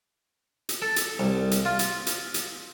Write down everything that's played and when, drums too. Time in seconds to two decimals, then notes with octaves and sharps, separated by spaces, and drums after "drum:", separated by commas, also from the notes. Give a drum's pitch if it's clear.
0.69 drum: hi-hat
0.82 A4
0.96 drum: hi-hat
1.19 C2
1.51 drum: hi-hat
1.65 F4
1.79 drum: hi-hat
2.07 drum: hi-hat
2.34 drum: hi-hat